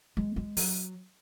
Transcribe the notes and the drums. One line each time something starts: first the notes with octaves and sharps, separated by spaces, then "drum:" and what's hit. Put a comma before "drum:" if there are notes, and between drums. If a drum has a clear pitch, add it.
G#3
G#3
F#3, drum: open hi-hat